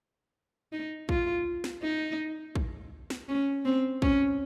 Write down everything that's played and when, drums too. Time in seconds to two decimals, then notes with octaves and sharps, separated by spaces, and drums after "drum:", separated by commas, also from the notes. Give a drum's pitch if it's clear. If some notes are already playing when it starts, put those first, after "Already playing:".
0.73 D#4
1.09 F4, drum: kick
1.64 drum: snare
1.82 D#4
2.55 drum: kick
3.10 drum: snare
3.29 C#4
3.65 C4
4.02 C#4, drum: kick